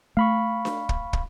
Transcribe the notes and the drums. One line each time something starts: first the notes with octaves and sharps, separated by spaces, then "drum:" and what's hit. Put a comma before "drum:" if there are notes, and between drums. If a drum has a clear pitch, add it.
A3 F5 B5 C#6
drum: snare D4
drum: kick
drum: kick